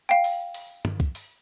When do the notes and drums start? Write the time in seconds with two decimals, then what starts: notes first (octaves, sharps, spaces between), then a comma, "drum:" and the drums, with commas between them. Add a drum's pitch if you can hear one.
0.09 F5 G5
0.24 drum: open hi-hat
0.54 drum: open hi-hat
0.85 drum: tom G2
1.00 drum: kick
1.15 drum: open hi-hat